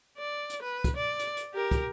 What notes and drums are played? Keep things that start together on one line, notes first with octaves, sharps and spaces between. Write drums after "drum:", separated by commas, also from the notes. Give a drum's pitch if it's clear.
D5
drum: hi-hat
B4
drum: kick, hi-hat
D5
drum: hi-hat
drum: hi-hat
G4 A#4
drum: kick, hi-hat